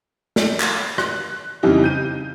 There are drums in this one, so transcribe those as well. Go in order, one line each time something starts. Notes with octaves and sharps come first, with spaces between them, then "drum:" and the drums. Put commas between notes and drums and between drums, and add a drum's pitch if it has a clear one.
drum: snare
drum: clap
F#6, drum: rim click
F2 C#3 E3 G3 D#4
G6 D#7